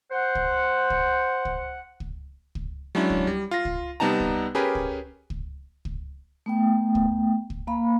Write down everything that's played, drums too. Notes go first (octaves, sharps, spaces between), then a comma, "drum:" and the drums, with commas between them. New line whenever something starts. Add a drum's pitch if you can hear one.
C5 F#5
drum: kick
drum: kick
drum: kick
drum: kick
drum: kick
F#3 G#3 C#4 D4 E4
drum: kick
G3
F4 A#6
drum: kick
C3 G3 B3 D#4 A5 A#5
drum: kick
C#4 G4 G#4 A#4 B4
drum: kick
drum: kick
drum: kick
A3 B3 G5
drum: kick
drum: kick
A#3 F5 B5